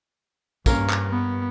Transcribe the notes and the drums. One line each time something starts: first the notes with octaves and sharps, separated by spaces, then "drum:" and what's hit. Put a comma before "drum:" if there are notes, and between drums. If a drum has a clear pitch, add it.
G2 A#3 C#4 A#4, drum: kick, tambourine
drum: clap
B3